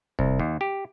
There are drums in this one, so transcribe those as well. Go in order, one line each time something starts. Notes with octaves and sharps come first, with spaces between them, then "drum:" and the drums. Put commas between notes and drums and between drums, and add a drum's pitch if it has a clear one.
C2, drum: kick E1
D#2
G4